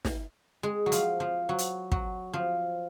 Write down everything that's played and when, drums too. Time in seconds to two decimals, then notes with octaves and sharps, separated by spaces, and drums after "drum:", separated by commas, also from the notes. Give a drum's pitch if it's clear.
0.05 drum: snare
0.63 G#3
0.86 F#3
0.92 F3, drum: hi-hat
1.20 F3
1.49 F#3
1.58 drum: hi-hat
1.92 F#3, drum: kick
2.33 F3